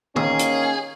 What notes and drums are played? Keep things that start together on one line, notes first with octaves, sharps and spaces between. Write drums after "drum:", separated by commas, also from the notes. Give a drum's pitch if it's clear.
D#3 A#3 C#4 G#4, drum: tom
drum: hi-hat